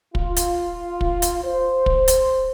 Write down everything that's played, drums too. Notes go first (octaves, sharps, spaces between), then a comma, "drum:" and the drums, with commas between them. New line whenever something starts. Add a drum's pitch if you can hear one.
F4, drum: kick
drum: hi-hat
drum: kick
drum: hi-hat
C5
drum: kick
drum: hi-hat